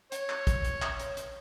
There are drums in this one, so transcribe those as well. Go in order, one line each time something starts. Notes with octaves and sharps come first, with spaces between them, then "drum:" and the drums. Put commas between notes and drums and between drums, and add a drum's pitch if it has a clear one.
C#5, drum: hi-hat
drum: clap
drum: kick, hi-hat
drum: hi-hat
drum: clap
drum: hi-hat
drum: hi-hat